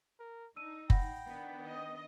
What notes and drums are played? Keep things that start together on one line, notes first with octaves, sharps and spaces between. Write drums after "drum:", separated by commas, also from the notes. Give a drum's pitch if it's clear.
A#4
D4 D#4 E6 D#7
F#5 G5 B5 A#6, drum: kick F#1
D#3 B3 D4
D#5